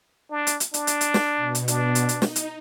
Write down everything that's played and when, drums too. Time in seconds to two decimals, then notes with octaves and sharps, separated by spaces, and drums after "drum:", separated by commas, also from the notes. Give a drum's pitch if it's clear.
0.31 D4
0.47 drum: hi-hat
0.60 drum: hi-hat
0.74 D4, drum: hi-hat
0.87 drum: hi-hat
1.01 drum: hi-hat
1.14 drum: snare
1.36 B2
1.55 drum: hi-hat
1.68 D4, drum: hi-hat
1.95 drum: hi-hat
2.09 drum: hi-hat
2.22 D#4, drum: snare
2.36 drum: hi-hat